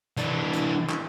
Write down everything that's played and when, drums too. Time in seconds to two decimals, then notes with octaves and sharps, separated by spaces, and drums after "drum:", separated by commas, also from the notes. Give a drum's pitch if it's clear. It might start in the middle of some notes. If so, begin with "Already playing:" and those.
0.17 E3 D4, drum: hi-hat
0.53 drum: hi-hat
0.90 drum: clap